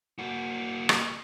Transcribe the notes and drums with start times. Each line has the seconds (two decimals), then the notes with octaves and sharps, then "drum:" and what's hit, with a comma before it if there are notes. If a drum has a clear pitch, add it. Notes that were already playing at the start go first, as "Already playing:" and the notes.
0.19 A#3 F#4
0.89 drum: rim click